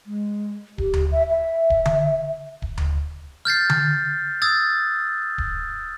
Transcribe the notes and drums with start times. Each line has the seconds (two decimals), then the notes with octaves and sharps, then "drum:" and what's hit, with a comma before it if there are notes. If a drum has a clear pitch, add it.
0.06 G#3
0.78 G4, drum: kick D1
0.94 drum: tom D2
1.11 E5
1.29 E5
1.70 drum: kick D1
1.86 drum: tom D3
2.62 drum: kick D1
2.78 drum: tom D2
3.45 F6 G6 A6 C7
3.70 drum: tom D3
4.42 D#6 E6 G#6 A6
5.38 drum: kick D1